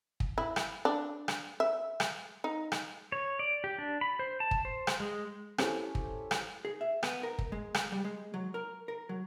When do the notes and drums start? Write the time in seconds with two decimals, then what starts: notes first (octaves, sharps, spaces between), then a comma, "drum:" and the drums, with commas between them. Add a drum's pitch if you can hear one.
0.20 drum: kick
0.38 E4
0.56 drum: rim click
0.85 D4
1.28 drum: rim click
1.60 E5
2.00 drum: rim click
2.44 D#4
2.72 drum: rim click
3.12 C#5
3.39 D5
3.64 G4
3.78 D4
4.01 B5
4.19 C5
4.40 A5
4.51 drum: kick
4.65 C5
4.87 drum: rim click
5.00 G#3
5.58 C#4 E4 G4 A4 C5, drum: rim click
5.95 drum: kick
6.31 drum: rim click
6.65 G#4
6.81 E5
7.03 B3, drum: rim click
7.23 A#4
7.39 drum: kick
7.52 G#3
7.74 drum: rim click
7.92 G3
8.05 G#3
8.34 F#3
8.54 A#4
8.88 A#4
9.09 F#3